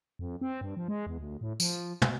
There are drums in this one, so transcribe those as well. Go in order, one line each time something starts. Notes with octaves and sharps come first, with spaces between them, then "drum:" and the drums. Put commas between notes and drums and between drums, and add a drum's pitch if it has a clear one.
F2
C4
G2
F3
G#3
E2
D2
A2
F3, drum: tambourine
B2, drum: tom